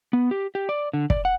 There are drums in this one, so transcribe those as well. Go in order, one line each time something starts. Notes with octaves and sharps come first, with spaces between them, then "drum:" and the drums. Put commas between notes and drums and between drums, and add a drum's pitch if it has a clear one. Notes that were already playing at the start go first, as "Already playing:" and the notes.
B3
G4
G4
D5
D3
D5, drum: kick
F#5